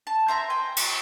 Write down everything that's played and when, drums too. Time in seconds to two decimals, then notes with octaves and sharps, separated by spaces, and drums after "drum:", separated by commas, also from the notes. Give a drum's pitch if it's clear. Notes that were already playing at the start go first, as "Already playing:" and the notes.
0.07 A5
0.28 C5 E5 A#5
0.50 G5 G#5
0.77 drum: cymbal